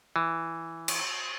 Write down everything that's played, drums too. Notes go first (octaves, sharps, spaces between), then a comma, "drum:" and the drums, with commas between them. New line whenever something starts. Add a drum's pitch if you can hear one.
E3
drum: cymbal